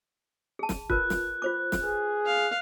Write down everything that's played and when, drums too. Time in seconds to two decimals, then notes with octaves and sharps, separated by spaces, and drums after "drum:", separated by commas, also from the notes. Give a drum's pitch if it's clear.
0.59 G#4 A5
0.69 drum: snare
0.90 F4 A#4 B4 F#6, drum: kick
1.10 drum: snare
1.42 F4 C5 D6
1.72 drum: snare
1.83 G#4 B4
2.26 F5